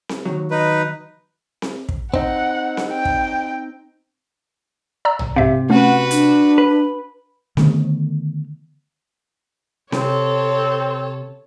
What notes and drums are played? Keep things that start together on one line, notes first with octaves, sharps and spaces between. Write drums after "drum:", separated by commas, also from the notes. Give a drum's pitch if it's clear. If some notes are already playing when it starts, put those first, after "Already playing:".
drum: snare C4
D#2 D#3 F#3
D#4 B4
drum: snare C4
drum: kick
C4 D#4 F#5, drum: kick
drum: snare C4
G5
drum: kick
D5 A#5 E6
drum: tom B1
G#2 C3 G4 E5 F5
A3 C#4 F#4 B4 F#5
D4, drum: hi-hat
B4
D3 D#3 A3 B3, drum: snare C4
C3 C4 A4 C#5, drum: snare C4